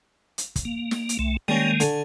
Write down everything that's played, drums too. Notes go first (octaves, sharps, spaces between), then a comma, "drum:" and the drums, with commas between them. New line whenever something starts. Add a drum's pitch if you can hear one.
drum: hi-hat
drum: kick, hi-hat
A#3
drum: snare
drum: hi-hat
C2 A3
D#3 G3 G#3 A#3 C#4
D3 G#5 C#6, drum: hi-hat